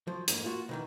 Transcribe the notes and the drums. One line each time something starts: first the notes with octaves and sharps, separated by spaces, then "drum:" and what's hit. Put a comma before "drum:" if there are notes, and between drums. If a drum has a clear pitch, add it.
F3 F#3
F2 G#2 G#3 A#3, drum: hi-hat
A#3 F4 F#4
B2 D#3 E3